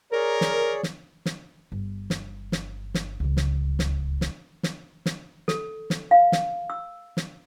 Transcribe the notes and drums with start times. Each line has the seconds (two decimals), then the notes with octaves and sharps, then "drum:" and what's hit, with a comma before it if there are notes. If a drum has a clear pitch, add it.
0.13 G#4 A#4 C#5 D5
0.41 drum: snare
0.83 drum: snare
1.26 drum: snare
1.72 G1
2.10 drum: snare
2.52 drum: snare
2.94 drum: snare
3.20 D1 C#2
3.37 drum: snare
3.79 drum: snare
4.21 drum: snare
4.63 drum: snare
5.06 drum: snare
5.48 A4, drum: snare
5.90 drum: snare
6.11 F5
6.32 drum: snare
6.70 E6
7.17 drum: snare